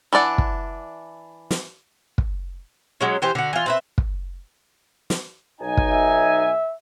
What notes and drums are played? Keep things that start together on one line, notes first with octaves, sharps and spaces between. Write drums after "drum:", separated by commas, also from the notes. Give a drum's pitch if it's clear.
E3 D4 D5 F#5
drum: kick
drum: snare
drum: kick
F#3 G#3 C#4
E3 G4 C5
D3 F#4
E3 F4
C4 B4 E5
drum: kick
drum: snare
B1 D#4 G#5
drum: kick
E5